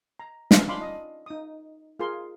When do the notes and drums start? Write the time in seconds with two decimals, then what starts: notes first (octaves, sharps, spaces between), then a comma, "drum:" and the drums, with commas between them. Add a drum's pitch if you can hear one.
0.20 A#5
0.51 C#4 D#4 F4 F5, drum: snare
0.68 D4 F5 B5 C6 D6
0.81 D#5
1.26 D#4 D#6
1.99 F4 G#4 A#4 C6